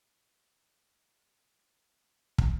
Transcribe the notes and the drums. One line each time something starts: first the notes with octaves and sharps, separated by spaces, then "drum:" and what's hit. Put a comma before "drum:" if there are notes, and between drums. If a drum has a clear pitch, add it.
A#1 D3 G3 D#4 F#5
G1 D#2 C3 E3
drum: kick